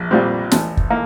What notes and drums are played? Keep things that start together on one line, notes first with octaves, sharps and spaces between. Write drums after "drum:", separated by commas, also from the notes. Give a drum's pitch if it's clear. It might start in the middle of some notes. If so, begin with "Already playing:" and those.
Already playing: A#1
A#2 G3 C4
A1, drum: snare
drum: kick
A#3